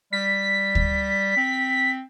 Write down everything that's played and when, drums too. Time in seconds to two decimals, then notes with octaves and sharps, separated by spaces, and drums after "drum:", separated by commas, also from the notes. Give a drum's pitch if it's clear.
0.13 G3 B6
0.75 drum: kick D2
1.37 C4